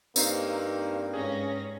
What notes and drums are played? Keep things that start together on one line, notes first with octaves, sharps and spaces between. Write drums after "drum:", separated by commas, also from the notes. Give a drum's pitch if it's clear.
G2 A#3 C4 D#4 C7, drum: tambourine
G#2 C#4 G#4 A#6